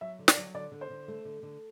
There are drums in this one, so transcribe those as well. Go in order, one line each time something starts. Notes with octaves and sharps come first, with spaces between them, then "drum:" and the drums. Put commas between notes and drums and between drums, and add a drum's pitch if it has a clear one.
F#3 E5
D3
D5, drum: snare
F#3
D3 D5
D3
C5
D3
A3
D3
D3